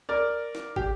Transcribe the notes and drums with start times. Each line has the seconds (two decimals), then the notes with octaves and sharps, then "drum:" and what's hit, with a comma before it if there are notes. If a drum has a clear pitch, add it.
0.09 A#4 D5
0.55 drum: snare
0.76 G4, drum: kick